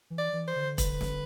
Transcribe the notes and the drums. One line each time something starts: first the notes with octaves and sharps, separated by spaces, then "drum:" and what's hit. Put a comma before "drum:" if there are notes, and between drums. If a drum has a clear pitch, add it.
E3
D5
E3
C5
D3
B4, drum: kick E1, hi-hat
drum: snare